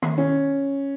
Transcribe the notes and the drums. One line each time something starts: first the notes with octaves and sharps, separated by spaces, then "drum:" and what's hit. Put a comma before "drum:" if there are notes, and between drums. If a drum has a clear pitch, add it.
drum: tom D#3
C#4